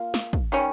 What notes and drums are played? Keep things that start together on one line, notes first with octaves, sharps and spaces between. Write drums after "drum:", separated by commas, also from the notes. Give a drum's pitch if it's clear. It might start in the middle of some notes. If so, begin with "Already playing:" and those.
Already playing: A#3 F4
drum: snare
drum: kick
D#3 G3 C#4